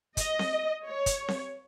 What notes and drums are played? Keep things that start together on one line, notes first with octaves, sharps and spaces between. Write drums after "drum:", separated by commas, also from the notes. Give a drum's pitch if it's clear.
D#5, drum: kick, hi-hat
drum: snare C4
C#5
drum: kick, hi-hat
drum: snare C4